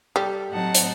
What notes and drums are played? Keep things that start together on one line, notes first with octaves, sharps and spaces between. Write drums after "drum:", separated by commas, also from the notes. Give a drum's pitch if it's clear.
G3 G4 A4
A2 F#3 C4 D#4 F#5 A5
drum: hi-hat